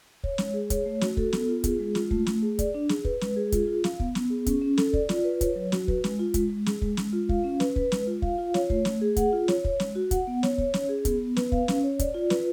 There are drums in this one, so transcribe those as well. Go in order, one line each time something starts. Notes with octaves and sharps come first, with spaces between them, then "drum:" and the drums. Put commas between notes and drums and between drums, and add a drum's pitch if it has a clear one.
C#5, drum: kick
G#3, drum: snare
G#4
C#5, drum: kick, hi-hat
A3
F#4, drum: snare
A4, drum: kick
B3, drum: snare
F4
G#4, drum: kick, hi-hat
G#3
F4, drum: snare
A3, drum: kick
A3, drum: snare
G#4
D5, drum: kick, hi-hat
D4
G#4, drum: snare
B4, drum: kick
G#3, drum: snare
G#4
F4, drum: kick, hi-hat
F4
F5, drum: snare
B3, drum: kick
B3, drum: snare
G#4
C#4, drum: kick, hi-hat
C#4
A4, drum: snare
D5, drum: kick
F4, drum: snare
B4
C#5, drum: kick, hi-hat
F#3
F#4, drum: snare
B4, drum: kick
G#3, drum: snare
F4
G#3, drum: kick, hi-hat
G#3
G#4, drum: snare
G#3, drum: kick
G#3, drum: snare
F4
F5, drum: kick
C#4
B4, drum: snare
B4, drum: kick
G#3, drum: snare
F4
F5, drum: kick
F4
C#5, drum: snare
A3, drum: kick
A3, drum: snare
G#4
F#5, drum: kick, hi-hat
F4
C#5, drum: snare
C#5, drum: kick
G#3, drum: snare
F#4
F#5, drum: kick, hi-hat
B3
C#5, drum: snare
C#5, drum: kick
C#4, drum: snare
G#4
B3, drum: kick, hi-hat
B3
B4, drum: snare
F5, drum: kick
C#4, drum: snare
C#5
D5, drum: kick, hi-hat
F4
B4, drum: snare